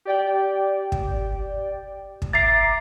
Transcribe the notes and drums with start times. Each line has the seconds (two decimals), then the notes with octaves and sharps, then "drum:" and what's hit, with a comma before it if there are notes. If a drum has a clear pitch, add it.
0.05 G4 D5 G5
0.92 drum: kick
2.22 drum: kick
2.33 E5 A#5 D6 A6 C7